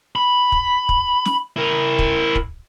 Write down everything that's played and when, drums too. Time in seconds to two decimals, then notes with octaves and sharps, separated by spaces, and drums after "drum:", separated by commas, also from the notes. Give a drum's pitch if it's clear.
0.16 B5
0.52 drum: kick
0.89 drum: kick
1.25 drum: snare
1.56 E4 A#4
1.99 drum: kick
2.35 drum: kick